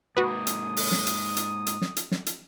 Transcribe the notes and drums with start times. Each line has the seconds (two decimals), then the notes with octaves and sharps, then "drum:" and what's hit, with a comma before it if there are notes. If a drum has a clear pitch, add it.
0.17 G#2 A#3 F#4 B4 D#6
0.47 drum: hi-hat
0.77 drum: open hi-hat
0.92 drum: snare
1.07 drum: hi-hat
1.37 drum: hi-hat
1.67 drum: hi-hat
1.82 drum: snare
1.97 drum: hi-hat
2.11 drum: snare
2.26 drum: hi-hat